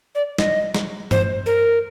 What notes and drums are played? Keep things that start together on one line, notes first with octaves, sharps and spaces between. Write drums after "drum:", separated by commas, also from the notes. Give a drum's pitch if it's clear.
D5
D#5, drum: snare
drum: snare
C5, drum: tom G2
A#4